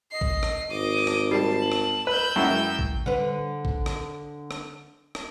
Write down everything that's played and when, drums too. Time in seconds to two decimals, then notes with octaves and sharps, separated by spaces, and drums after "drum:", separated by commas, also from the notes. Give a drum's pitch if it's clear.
0.12 D#5 C7
0.21 drum: kick A1
0.43 drum: rim click
0.70 G#1 D#5 D6 D#7
1.07 drum: rim click
1.31 G3 A5 C7
1.62 F#7
1.72 drum: rim click
2.07 B4 E6 G6
2.36 F#2 G#3 E4 G5
2.79 drum: kick A1
3.06 D3 B4
3.65 drum: kick A1
3.86 drum: rim click
4.51 drum: rim click
5.15 drum: rim click